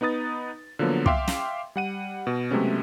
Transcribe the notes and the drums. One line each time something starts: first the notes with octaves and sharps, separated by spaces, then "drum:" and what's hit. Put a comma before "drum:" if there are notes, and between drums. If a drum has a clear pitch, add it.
B3 D#4 B4 D#6 A6
D3 F3 F#3 A#3 B3
E5 F5 G5 C6 D6, drum: kick
drum: snare
G3 F#5 D#7
B2
C3 F#3 G#3 A3 B3 C#4